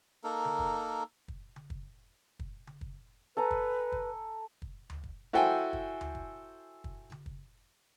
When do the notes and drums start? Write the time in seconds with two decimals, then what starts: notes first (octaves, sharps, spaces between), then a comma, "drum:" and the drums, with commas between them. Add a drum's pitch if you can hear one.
0.24 A#3 D#4 A4 A#4
0.45 drum: tom C#3
0.59 drum: kick
1.28 drum: kick
1.56 drum: tom C#3
1.70 drum: kick
2.39 drum: kick
2.67 drum: tom C#3
2.81 drum: kick
3.37 A4 B4 G#5 A#5
3.51 drum: kick
3.92 drum: kick
4.62 drum: kick
4.90 drum: tom D2
5.04 drum: kick
5.33 E4 F#4 A4 C5 G5 G#5
5.73 drum: kick
6.01 drum: tom D2
6.15 drum: kick
6.84 drum: kick
7.12 drum: tom C#3
7.26 drum: kick